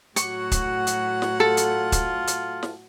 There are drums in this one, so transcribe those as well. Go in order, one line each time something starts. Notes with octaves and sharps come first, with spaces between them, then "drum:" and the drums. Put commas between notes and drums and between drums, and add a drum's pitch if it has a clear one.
A2 F#3 F#4 F#5 C#6, drum: hi-hat
drum: kick, hi-hat
drum: hi-hat
drum: snare
F4 A4
drum: hi-hat
drum: kick, hi-hat
drum: hi-hat
drum: snare